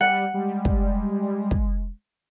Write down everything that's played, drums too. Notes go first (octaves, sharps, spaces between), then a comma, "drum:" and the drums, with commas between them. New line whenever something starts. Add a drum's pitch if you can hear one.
G3 F#5
G3 G#3
drum: kick
drum: kick